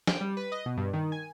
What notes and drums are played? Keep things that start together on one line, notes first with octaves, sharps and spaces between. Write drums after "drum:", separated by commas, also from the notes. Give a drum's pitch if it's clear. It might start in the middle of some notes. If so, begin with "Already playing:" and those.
G5, drum: snare
G3
B4
D#5
B2
G2
D#3
G#5